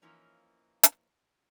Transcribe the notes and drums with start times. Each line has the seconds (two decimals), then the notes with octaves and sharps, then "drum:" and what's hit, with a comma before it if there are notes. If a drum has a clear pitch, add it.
0.02 E3 F3 A#3 C#4 D#4
0.83 drum: hi-hat